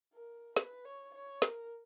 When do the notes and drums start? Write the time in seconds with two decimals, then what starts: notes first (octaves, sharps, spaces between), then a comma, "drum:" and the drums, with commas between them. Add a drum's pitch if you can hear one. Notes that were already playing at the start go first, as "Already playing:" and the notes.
0.13 A#4
0.57 B4, drum: snare
0.85 C#5
1.14 C#5
1.42 A#4, drum: snare